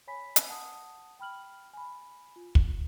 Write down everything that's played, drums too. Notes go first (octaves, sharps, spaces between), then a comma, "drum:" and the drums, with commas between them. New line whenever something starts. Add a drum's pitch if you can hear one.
C#5 G#5 B5 B6
drum: hi-hat
F#5 A5 D#6
G5 B5 F6 F#7
G#5 B5
F4
drum: kick